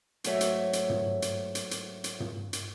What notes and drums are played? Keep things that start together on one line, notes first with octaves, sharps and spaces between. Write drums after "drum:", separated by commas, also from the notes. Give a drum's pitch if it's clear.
G#2 F#3 A3 C#5 E5, drum: hi-hat
drum: hi-hat
drum: hi-hat
drum: tom
drum: hi-hat
drum: hi-hat
drum: hi-hat
drum: hi-hat
drum: tom
drum: hi-hat